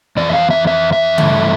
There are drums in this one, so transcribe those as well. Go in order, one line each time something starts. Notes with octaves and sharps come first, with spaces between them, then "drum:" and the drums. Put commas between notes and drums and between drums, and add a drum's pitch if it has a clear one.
F2 E3 D5
E5
F5
E5
E5
E5
G2 E3 A3, drum: tom C#3